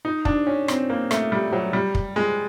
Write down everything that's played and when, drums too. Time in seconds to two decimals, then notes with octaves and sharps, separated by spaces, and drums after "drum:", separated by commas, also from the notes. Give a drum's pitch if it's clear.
0.05 D#4
0.25 D4, drum: kick
0.47 C#4
0.68 C4, drum: rim click
0.90 A#3
1.11 A3, drum: rim click
1.32 G3
1.53 F#3
1.73 G3
1.95 drum: kick
2.16 G#3